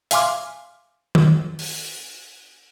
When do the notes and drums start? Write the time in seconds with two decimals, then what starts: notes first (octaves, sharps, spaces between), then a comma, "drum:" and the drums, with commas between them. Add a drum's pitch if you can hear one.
0.11 E5 F5 G#5 C6 D6 F6, drum: hi-hat
1.15 drum: tom D#3
1.59 drum: open hi-hat